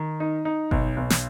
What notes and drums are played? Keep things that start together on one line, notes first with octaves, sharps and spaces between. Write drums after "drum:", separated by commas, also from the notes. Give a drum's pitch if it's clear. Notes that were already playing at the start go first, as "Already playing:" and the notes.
Already playing: D#3
D#4
D#4
B1, drum: kick G1
B1
drum: snare